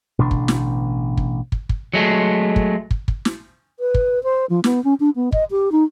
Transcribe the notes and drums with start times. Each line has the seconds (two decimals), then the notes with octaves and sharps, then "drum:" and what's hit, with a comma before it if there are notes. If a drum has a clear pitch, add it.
0.19 A1 B2 D3 D4
0.31 drum: kick
0.48 drum: snare
1.17 drum: kick
1.52 drum: kick
1.69 drum: kick
1.94 F#3 G#3 A3
2.56 drum: kick
2.91 drum: kick
3.08 drum: kick
3.25 drum: snare
3.80 B4
3.94 drum: kick
4.24 C5
4.50 F3
4.64 B3, drum: snare
4.84 C#4
5.00 D4
5.16 B3
5.32 D#5, drum: kick
5.51 G4
5.72 D#4